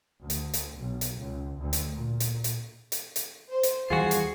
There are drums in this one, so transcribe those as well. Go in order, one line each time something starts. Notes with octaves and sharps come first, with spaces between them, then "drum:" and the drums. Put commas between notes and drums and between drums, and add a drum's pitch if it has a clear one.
D2
drum: hi-hat
drum: hi-hat
B1
drum: hi-hat
C#2
D2
drum: hi-hat
A#2
drum: hi-hat
drum: hi-hat
drum: hi-hat
drum: hi-hat
C5
drum: hi-hat
D#2 E3 G3 F4 F#4 G#4 C7
drum: hi-hat